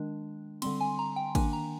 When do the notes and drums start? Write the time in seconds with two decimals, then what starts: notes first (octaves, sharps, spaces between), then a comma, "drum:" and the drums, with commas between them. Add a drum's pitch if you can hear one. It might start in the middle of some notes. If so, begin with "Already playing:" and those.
Already playing: D#3 G#3 D4
0.62 D3 G3 C4 C6, drum: cymbal
0.81 G#5
0.99 A#5
1.16 G5
1.35 D#3 A#3 D4 G#5, drum: kick, cymbal
1.53 A#5